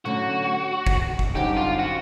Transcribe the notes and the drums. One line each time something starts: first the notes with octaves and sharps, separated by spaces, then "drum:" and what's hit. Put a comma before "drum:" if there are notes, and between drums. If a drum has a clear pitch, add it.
D3 F#3 A3 C#4 F#4
drum: kick
drum: kick
F#2 D3 G3 C4 D#4 G4
F4
F#4